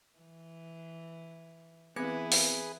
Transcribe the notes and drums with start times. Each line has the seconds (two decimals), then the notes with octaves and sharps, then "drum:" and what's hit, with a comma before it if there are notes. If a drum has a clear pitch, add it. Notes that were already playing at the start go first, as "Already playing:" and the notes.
0.18 E3
1.96 E3 B3 C4 E4 G#4 B4 G#6 C#7
2.32 drum: open hi-hat